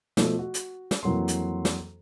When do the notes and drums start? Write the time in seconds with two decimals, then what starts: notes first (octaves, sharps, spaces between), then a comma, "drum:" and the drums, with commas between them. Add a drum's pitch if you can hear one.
0.17 B2 F3 A3, drum: snare
0.39 F#4
0.54 drum: hi-hat
0.91 drum: snare
1.03 F2 E3 F#3 A#3 C6
1.28 drum: hi-hat
1.65 drum: snare